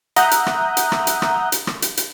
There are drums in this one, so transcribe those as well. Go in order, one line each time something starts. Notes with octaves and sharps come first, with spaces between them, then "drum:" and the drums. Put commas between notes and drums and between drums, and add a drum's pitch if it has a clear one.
E5 F#5 A#5 D#6 F#6 G6, drum: hi-hat
drum: hi-hat
drum: rim click
drum: hi-hat
drum: rim click
drum: hi-hat
drum: rim click
drum: hi-hat
drum: rim click
drum: hi-hat
drum: hi-hat